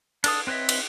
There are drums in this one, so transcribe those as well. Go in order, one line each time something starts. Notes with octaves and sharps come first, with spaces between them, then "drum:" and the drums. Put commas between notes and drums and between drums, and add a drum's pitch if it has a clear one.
D4 A4 D#6, drum: cymbal
C4 B4 C#5 D#5 E5
drum: cymbal